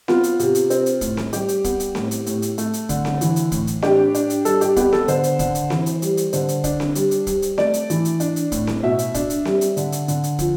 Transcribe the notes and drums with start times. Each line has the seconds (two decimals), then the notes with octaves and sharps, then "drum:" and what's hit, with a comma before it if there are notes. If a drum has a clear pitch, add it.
0.08 B3 F4, drum: snare C4
0.23 drum: hi-hat
0.39 C3, drum: hi-hat
0.55 drum: hi-hat
0.70 C4, drum: hi-hat
0.86 drum: hi-hat
1.01 A2, drum: kick, hi-hat
1.17 drum: snare C4
1.33 G3 G4, drum: hi-hat
1.48 drum: hi-hat
1.64 B3, drum: kick, hi-hat
1.80 drum: hi-hat
1.95 A2, drum: snare C4
2.11 drum: hi-hat
2.26 A2, drum: hi-hat
2.42 drum: hi-hat
2.58 A3, drum: hi-hat
2.73 drum: hi-hat
2.89 D3, drum: kick, hi-hat
3.05 drum: snare C4
3.21 E3, drum: hi-hat
3.36 drum: hi-hat
3.52 A2, drum: kick, hi-hat
3.67 drum: hi-hat
3.82 D4 G4, drum: snare C4
4.14 D4, drum: hi-hat
4.30 drum: hi-hat
4.45 G3 A4, drum: hi-hat
4.61 G4, drum: hi-hat
4.76 B3 G4, drum: kick, hi-hat
4.93 A4, drum: snare C4
5.08 D3 C5, drum: hi-hat
5.24 drum: hi-hat
5.39 D3, drum: kick, hi-hat
5.55 drum: hi-hat
5.70 E3, drum: snare C4
5.86 drum: hi-hat
6.02 G3, drum: hi-hat
6.17 drum: hi-hat
6.33 D3 C5, drum: hi-hat
6.49 drum: hi-hat
6.64 D4, drum: kick, hi-hat
6.80 drum: snare C4
6.95 G3, drum: hi-hat
7.11 drum: hi-hat
7.27 G3, drum: kick, hi-hat
7.42 drum: hi-hat
7.58 A3 D5, drum: snare C4
7.74 drum: hi-hat
7.90 E3, drum: hi-hat
8.05 drum: hi-hat
8.20 D4, drum: hi-hat
8.36 drum: hi-hat
8.52 A2, drum: kick, hi-hat
8.67 drum: snare C4
8.83 B2 E5
8.99 drum: hi-hat
9.14 D4, drum: kick, hi-hat
9.30 drum: hi-hat
9.45 G3, drum: snare C4
9.61 drum: hi-hat
9.77 D3, drum: hi-hat
9.92 drum: hi-hat
10.08 D3, drum: hi-hat
10.24 drum: hi-hat
10.39 F3, drum: kick, hi-hat